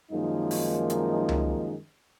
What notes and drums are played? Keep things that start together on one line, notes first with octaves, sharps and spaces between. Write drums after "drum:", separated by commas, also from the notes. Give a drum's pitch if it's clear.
F#2 D#3 F3 G#3 A#3 D#4
drum: open hi-hat
drum: hi-hat
drum: tom C#2